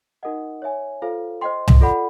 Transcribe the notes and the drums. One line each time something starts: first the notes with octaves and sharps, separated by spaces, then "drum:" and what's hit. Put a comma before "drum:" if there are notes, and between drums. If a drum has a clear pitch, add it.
D#4 F#4 A#4 D#5 F#5
C#5 E5 G#5
F4 A4 C5 F5
C5 D#5 G5 C6
drum: tom C2
F4 A4 D5 F#5 B5